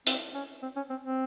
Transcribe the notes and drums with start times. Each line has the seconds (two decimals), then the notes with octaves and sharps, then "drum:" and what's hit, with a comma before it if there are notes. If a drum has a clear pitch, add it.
0.07 C4, drum: hi-hat
0.34 C#4
0.62 C4
0.76 C#4
0.90 C4
1.04 C4